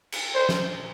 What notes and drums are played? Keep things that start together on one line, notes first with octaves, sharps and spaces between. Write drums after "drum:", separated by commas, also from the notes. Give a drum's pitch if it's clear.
drum: cymbal
C5
drum: snare